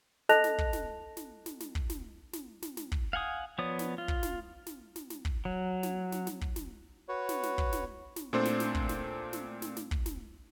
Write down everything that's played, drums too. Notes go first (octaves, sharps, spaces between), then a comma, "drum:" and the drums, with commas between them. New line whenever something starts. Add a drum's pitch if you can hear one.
A4 D#5 A5 F#6 A#6 F7, drum: snare
drum: snare
drum: kick
drum: snare
drum: snare
drum: snare
drum: snare
drum: kick
drum: snare
drum: snare
drum: snare
drum: snare
drum: kick
F5 F#5 G#5 D#6
F3 B3 C#5 D5 D#6
drum: snare
F4
drum: kick
drum: snare
drum: snare
drum: snare
drum: snare
drum: kick
F#3
drum: snare
drum: snare
drum: snare
drum: kick
drum: snare
F#4 B4 C#5
drum: snare
drum: snare
drum: kick
drum: snare
drum: snare
A#2 A3 C4 D4 C5
drum: snare
drum: snare
drum: kick
drum: snare
drum: snare
drum: snare
drum: snare
drum: kick
drum: snare